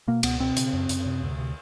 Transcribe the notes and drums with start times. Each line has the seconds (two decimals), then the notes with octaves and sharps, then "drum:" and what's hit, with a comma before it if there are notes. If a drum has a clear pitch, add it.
0.08 B2 A#3
0.23 C#2 B3, drum: cymbal
0.40 B2 C4
0.57 C#3, drum: hi-hat
0.73 F#2
0.89 F#2, drum: hi-hat
1.06 C3
1.22 D2
1.39 C3